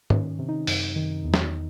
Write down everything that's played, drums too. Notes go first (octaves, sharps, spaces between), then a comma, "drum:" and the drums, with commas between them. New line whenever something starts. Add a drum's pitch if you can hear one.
D#3 C#4, drum: tom
C3
D#4
F#2, drum: open hi-hat
D#3
E2
drum: snare